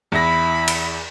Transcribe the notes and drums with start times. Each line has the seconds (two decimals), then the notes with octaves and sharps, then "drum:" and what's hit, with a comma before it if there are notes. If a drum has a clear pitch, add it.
0.12 E2 E4 B5 A#6
0.68 drum: cymbal